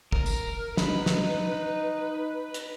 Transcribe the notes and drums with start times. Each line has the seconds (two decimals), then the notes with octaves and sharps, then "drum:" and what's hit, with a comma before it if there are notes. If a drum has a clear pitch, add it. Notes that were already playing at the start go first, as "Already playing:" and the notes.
0.12 A#4, drum: kick
0.26 drum: tambourine
0.77 D#4 B4, drum: snare
1.06 drum: snare
2.54 drum: hi-hat